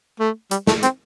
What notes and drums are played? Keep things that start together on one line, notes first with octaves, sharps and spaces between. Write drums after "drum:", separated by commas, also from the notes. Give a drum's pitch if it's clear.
A3
G3, drum: hi-hat
A3, drum: snare
C4, drum: hi-hat